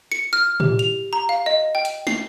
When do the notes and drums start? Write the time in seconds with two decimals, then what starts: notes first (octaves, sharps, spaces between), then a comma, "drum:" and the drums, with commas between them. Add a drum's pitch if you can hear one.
0.12 C#7
0.33 F6
0.60 G4, drum: tom
0.79 F7
1.13 A#5
1.29 F5
1.46 D#5
1.75 G5
1.85 drum: hi-hat
2.07 C7, drum: snare